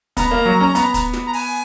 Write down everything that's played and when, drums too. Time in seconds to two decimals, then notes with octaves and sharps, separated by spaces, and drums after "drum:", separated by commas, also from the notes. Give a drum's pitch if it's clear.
0.17 B3 A#5, drum: kick, hi-hat
0.31 A#3
0.46 F#3
0.60 C#4
0.75 B3, drum: hi-hat
0.94 drum: kick, hi-hat
1.13 drum: snare
1.27 A#5
1.33 G#5, drum: open hi-hat